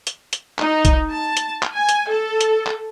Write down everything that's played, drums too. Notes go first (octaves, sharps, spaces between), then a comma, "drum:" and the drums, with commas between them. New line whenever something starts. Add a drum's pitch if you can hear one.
drum: hi-hat
drum: hi-hat
D#4, drum: clap
drum: kick B1, hi-hat
A5
drum: hi-hat
drum: clap
G#5
drum: hi-hat
A4
drum: hi-hat
drum: clap